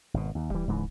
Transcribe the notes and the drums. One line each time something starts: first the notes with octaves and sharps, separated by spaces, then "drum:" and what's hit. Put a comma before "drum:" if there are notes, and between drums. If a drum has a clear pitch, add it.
G#1 B2
D#2
E3 G3, drum: kick D1
C#2 G#2 E3